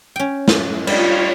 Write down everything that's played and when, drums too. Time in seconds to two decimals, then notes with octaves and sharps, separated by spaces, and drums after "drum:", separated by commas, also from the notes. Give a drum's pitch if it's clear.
0.16 C#4 G5
0.48 drum: snare
0.87 G3 D4 D#4 F4 C#5, drum: cymbal